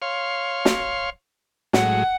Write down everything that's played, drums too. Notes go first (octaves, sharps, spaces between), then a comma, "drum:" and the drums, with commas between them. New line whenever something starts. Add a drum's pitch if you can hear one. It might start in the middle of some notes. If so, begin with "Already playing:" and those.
C#5 F5 C6
drum: snare
A2 F#3 G#3 F#5, drum: snare